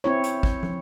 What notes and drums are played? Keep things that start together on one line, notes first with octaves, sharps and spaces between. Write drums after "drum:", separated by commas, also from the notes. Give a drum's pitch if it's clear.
C4 E4 C#5
drum: hi-hat
drum: kick A1
drum: tom